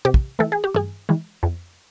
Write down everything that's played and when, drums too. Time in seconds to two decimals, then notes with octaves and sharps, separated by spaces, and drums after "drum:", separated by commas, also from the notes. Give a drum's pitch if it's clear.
0.05 C3 G4
0.14 drum: kick
0.39 E3 A3 A4
0.52 G#4
0.64 G4
0.74 G2 G#4, drum: tom
1.09 E3 G#3
1.43 F2